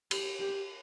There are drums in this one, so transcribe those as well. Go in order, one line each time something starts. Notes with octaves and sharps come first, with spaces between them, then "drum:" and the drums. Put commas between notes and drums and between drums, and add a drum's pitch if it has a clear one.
G4, drum: cymbal
G4